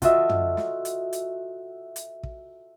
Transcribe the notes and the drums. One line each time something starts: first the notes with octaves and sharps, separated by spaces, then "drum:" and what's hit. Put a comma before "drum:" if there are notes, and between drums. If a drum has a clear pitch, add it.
F4 F#4 A4 D#5 E5, drum: kick, hi-hat
drum: tom
drum: snare
drum: hi-hat
drum: hi-hat
drum: hi-hat
drum: kick